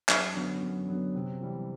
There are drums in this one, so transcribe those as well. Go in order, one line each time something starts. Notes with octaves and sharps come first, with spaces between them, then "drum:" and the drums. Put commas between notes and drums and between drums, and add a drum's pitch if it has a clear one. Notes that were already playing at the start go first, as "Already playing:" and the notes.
F#2, drum: clap
D3 F#3 B3
F#2
D3 F#3 B3
C3
E3 G3